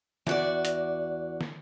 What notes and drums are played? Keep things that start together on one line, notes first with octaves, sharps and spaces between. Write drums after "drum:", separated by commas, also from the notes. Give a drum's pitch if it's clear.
E2 F#4 D5, drum: snare
drum: hi-hat
drum: snare